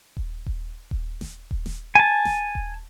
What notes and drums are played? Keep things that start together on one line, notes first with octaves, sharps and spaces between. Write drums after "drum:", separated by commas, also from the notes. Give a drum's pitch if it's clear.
drum: kick D#1
drum: kick D#1
drum: kick D#1
drum: snare D#1
drum: kick D#1
drum: snare D#1
G#5 A5
drum: snare D#1
drum: kick D#1